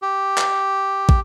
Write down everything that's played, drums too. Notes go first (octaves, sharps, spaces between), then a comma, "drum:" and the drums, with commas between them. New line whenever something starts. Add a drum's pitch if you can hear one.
G4
drum: clap
drum: kick